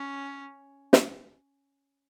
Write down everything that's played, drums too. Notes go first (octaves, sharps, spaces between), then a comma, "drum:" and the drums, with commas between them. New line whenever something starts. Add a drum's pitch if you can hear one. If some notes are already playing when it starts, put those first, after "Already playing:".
Already playing: C#4
drum: snare